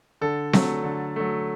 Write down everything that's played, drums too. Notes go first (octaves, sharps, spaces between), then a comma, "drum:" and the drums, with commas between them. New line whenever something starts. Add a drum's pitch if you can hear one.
D3 A4
F#3 A3, drum: snare C4
D3
F#3 A3